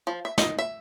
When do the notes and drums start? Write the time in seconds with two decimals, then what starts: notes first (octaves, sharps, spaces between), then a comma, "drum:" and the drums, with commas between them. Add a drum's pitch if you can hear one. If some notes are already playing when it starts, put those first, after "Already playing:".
0.07 F3
0.25 E5
0.38 D#4, drum: snare
0.59 E5